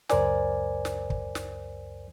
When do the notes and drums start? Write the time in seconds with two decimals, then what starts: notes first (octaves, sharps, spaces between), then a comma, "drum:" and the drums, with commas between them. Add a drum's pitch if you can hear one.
0.09 C#2 F#2 A#4 C5 D5 G#5, drum: snare
0.85 drum: snare
1.10 drum: kick
1.35 drum: snare